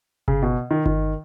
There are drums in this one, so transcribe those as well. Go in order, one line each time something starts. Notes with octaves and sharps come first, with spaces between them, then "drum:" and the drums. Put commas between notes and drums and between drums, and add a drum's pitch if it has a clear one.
C#3, drum: kick G1
B2
D#3
D#3, drum: kick G1